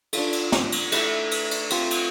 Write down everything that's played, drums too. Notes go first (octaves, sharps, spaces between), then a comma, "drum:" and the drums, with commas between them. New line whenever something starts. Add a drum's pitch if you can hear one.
D4 F4 A4, drum: cymbal
drum: cymbal
drum: snare
drum: cymbal
A3 E4 A4 E5, drum: cymbal
drum: cymbal
drum: cymbal
C4 F4 A4 C5, drum: cymbal
drum: cymbal